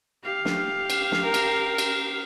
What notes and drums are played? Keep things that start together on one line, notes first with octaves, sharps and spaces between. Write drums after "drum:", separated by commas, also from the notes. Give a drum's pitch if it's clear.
G4 F5
drum: snare
drum: cymbal
drum: snare
A#4
drum: cymbal
drum: cymbal